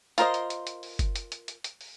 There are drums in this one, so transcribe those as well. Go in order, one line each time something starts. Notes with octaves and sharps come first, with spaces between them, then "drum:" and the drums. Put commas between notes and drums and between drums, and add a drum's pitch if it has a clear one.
F4 A#4 C5 D#5, drum: hi-hat
drum: hi-hat
drum: hi-hat
drum: hi-hat
drum: open hi-hat
drum: kick F#1, hi-hat
drum: hi-hat
drum: hi-hat
drum: hi-hat
drum: hi-hat
drum: open hi-hat